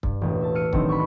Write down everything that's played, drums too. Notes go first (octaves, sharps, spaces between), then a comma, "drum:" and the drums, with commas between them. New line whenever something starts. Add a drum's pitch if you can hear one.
G2, drum: kick
E1 A1
E5 A5
E6 F6 C#7 D#7
A2 D#3 F#3 C4 D4 D#4, drum: kick
B5 C#6